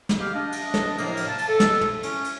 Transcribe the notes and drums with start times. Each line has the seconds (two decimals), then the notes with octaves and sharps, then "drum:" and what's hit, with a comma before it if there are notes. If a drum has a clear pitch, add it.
0.09 drum: snare
0.19 G4 G#4 F5
0.34 D4 D#5
0.52 drum: cymbal
0.74 drum: snare
0.98 A2 C3 F3 F#3 A#3, drum: cymbal
1.17 drum: cymbal
1.27 A5
1.38 drum: cymbal
1.48 A4
1.60 drum: snare
1.81 drum: tom
2.03 C#4, drum: cymbal
2.24 drum: cymbal